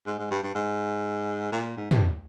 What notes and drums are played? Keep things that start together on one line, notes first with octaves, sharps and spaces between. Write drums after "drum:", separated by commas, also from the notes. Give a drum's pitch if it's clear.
G#2
G#2
G2
G2
G#2
A#2
G#2
G2, drum: tom